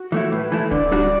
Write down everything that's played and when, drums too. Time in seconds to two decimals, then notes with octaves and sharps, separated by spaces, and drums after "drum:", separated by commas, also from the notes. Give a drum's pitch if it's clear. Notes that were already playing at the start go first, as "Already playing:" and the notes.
Already playing: F#4
0.12 E3 A3 E4
0.32 A2 B4
0.52 E3 A3 E4
0.71 D3 D5, drum: kick D1
0.92 G3 D4 F#4